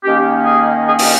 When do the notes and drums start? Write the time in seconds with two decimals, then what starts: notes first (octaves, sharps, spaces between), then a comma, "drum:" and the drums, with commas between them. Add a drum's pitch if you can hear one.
0.04 D#3 A#3 C#4 G4
0.46 G#4
0.87 G#4
0.99 drum: open hi-hat